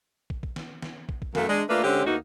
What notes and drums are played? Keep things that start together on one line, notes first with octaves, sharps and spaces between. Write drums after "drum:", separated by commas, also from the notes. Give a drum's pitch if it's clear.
drum: kick
drum: kick
drum: snare
drum: snare
drum: kick
drum: kick
F#2 A3 A#3, drum: snare
G#3 D4
A3 A#3 D4 F4 B4
D3 G#3 C4 C#4 G4
D2 A#3 B3 D#4 F#4